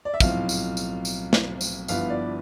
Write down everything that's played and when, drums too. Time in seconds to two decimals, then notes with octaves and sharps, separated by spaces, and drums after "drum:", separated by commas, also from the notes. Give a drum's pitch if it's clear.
0.05 D5
0.14 E5
0.20 B1 A2 F3 C4 F5, drum: kick, tambourine
0.49 drum: tambourine
0.77 drum: tambourine
1.05 drum: tambourine
1.33 drum: snare
1.61 drum: tambourine
1.88 G1 G2 F3 B3 E4 F5, drum: tambourine
2.10 D5